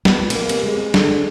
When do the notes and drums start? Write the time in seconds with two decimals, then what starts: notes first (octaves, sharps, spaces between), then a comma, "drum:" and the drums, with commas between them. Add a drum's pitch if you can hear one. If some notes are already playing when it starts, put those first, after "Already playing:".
0.05 A#2 B3, drum: snare
0.12 B2
0.20 A#2
0.30 A3, drum: cymbal
0.34 A#3
0.49 C3, drum: cymbal
0.64 G#3
0.94 D3, drum: snare